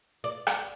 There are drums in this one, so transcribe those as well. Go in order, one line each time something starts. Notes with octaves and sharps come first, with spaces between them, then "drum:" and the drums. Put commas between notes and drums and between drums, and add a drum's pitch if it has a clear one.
D5
drum: rim click